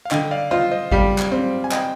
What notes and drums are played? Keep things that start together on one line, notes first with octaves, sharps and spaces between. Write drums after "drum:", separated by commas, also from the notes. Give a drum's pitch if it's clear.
F5
D3 D#5 G5, drum: clap
D5 F5
F4 C5 D#5
C5 D#5
G3 D5 F5, drum: kick G#1
drum: clap
C4
G#5
D#5 G5, drum: clap